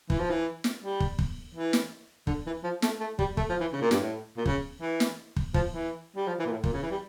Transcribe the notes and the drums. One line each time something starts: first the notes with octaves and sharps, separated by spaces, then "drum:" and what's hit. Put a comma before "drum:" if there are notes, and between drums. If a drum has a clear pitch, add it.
E3, drum: kick
F3
E3
drum: snare
G3
drum: kick
drum: kick
E3
drum: snare
D3, drum: kick
E3
F3
A3, drum: snare
A3
G3, drum: kick
A3, drum: kick
F3
E3
C#3
A#2
G2, drum: snare
A2
A#2
C#3, drum: kick
E3
drum: snare
drum: kick
F3, drum: kick
E3
G3
F3
E3
A#2
A2
A#2, drum: kick
C#3
E3
G3